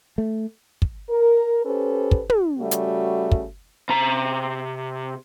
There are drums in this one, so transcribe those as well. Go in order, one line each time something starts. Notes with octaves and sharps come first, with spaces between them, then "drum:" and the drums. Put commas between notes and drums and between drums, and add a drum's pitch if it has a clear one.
A3
drum: kick
A#4
C#4 G4 A4 B4 C5
drum: kick
drum: tom
C#3 G3 A3 F#4
drum: hi-hat
drum: kick
C3 A#5